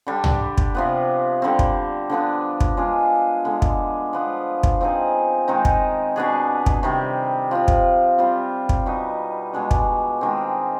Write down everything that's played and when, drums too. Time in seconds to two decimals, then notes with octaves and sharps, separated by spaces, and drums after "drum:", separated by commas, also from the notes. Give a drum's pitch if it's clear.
0.07 D3 G3 D4
0.24 drum: tom
0.58 drum: kick
0.75 C3 F3 B3
1.42 D3 G3 C4
1.59 drum: kick
2.10 D3 F3 B3 D4
2.61 drum: kick
2.77 G#3 D4 F4 G#4
3.45 D3 G#3 B3
3.62 drum: kick
4.13 F3 B3 F4
4.63 drum: kick
4.81 F3 C4 D#4 G#4
5.48 D#3 G#3 C4 D#4
5.65 drum: kick
6.16 B2 B3 D4 G#4
6.66 drum: kick
6.83 C3 D#3 G3
7.51 F3 C4 F4
7.68 drum: kick
8.18 G3 C4 F4
8.69 drum: kick
8.86 B2 B3 D#4
9.54 B2 G#3 D4
9.71 drum: kick
10.21 D#3 G#3 C4